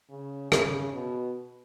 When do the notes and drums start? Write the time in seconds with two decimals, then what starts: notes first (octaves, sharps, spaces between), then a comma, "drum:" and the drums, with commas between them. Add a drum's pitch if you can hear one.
0.10 C#3
0.52 C#3, drum: rim click
0.93 B2